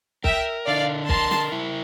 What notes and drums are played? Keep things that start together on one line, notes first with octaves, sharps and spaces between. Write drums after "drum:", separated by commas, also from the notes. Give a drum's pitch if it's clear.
A#4 E5 G5, drum: kick
D3 D5 F5
A#4 A5 C6, drum: kick
drum: snare
E4